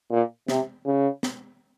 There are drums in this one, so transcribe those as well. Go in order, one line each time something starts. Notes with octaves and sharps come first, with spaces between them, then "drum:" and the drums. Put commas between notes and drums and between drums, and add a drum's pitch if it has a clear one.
A#2
C3, drum: snare
C#3
drum: snare